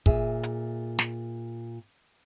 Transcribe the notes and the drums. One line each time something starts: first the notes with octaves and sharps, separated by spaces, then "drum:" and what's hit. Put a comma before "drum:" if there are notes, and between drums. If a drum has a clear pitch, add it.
A#2 G#4 E5, drum: kick
drum: hi-hat
drum: snare